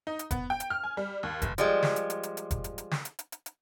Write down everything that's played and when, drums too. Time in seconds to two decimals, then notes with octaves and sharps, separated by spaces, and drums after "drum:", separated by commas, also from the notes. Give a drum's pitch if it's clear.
0.07 D#4
0.19 drum: hi-hat
0.31 B3, drum: kick F1, hi-hat
0.50 G5
0.60 drum: hi-hat
0.70 F6
0.83 G#5
0.97 G3
1.23 D#2
1.42 F1, drum: kick F1, hi-hat
1.58 F3 G3 G#3, drum: hi-hat
1.83 drum: snare
1.96 drum: hi-hat
2.10 drum: hi-hat
2.23 drum: hi-hat
2.37 drum: hi-hat
2.51 drum: kick F1, hi-hat
2.64 drum: hi-hat
2.78 drum: hi-hat
2.91 drum: snare
3.05 drum: hi-hat
3.19 drum: hi-hat
3.32 drum: hi-hat
3.46 drum: hi-hat